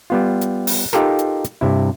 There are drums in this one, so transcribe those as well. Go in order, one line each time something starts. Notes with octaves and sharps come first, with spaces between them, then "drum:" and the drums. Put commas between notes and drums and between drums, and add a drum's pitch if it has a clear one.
G3 B3 F4
drum: hi-hat
drum: open hi-hat
D#4 F4 G4 A4 A#4, drum: snare
drum: hi-hat
drum: hi-hat
G2 C3 E4